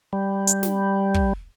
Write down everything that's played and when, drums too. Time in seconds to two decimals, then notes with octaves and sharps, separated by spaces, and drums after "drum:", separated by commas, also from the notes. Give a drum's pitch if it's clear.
0.13 G3
0.47 drum: hi-hat
0.63 drum: snare
1.14 drum: kick